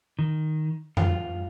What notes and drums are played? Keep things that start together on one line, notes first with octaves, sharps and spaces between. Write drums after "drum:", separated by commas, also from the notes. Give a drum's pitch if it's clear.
D#3
F4, drum: tom F2